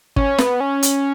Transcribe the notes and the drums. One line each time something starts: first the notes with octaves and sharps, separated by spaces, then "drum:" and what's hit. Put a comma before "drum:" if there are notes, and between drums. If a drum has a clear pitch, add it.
C#4, drum: kick
B3, drum: snare
C#4
drum: hi-hat